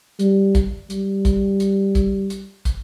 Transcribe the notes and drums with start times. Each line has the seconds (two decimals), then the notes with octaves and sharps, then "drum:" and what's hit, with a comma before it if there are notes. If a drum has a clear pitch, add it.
0.19 G3, drum: hi-hat
0.55 drum: kick, hi-hat
0.90 G3, drum: hi-hat
1.25 drum: kick, hi-hat
1.60 drum: hi-hat
1.95 drum: kick, hi-hat
2.30 drum: hi-hat
2.65 drum: kick, hi-hat